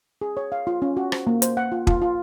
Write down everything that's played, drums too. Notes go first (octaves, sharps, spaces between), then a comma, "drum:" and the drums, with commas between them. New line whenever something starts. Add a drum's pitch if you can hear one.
G#4
C#5
F5
F4
C#4
F#4
C5, drum: rim click
A#3
C5, drum: hi-hat
F#5
F4
F4, drum: kick
F4